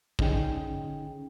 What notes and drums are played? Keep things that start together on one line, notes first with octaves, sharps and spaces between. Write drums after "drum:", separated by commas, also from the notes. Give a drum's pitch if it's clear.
D3 C#4 D#4 G#4 G5, drum: kick